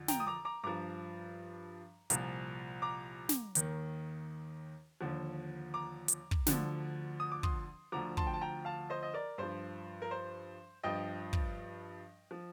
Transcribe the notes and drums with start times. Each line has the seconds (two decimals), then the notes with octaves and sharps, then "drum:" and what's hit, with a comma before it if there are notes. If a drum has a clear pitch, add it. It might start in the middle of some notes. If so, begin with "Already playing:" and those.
Already playing: F2 D3 F3
0.08 G5 A#5, drum: snare
0.20 D#6
0.27 A#5 D6
0.45 A#5 D6
0.64 G2 F3 A#5 D6
2.10 C2 A#2 F3, drum: hi-hat
2.82 A#5 D6
3.29 drum: snare
3.55 D#2 D#3, drum: hi-hat
5.01 D#2 D3 F3
5.74 A#5 D6
6.08 drum: hi-hat
6.31 drum: kick
6.47 D2 D3 F3, drum: snare
7.20 D#6
7.32 D6
7.43 C6 D#6, drum: kick
7.92 D2 D3 F3 A#5 D6
8.17 A5 C6, drum: kick
8.27 G5
8.34 A5
8.41 G5 A#5
8.65 F5 A5
8.90 C5 D#5
9.03 D#5
9.14 A#4 D5
9.38 G2 F3 C5
10.02 A#4
10.11 C5
10.83 G2 F3 D#5 G5
11.33 drum: kick
12.31 F3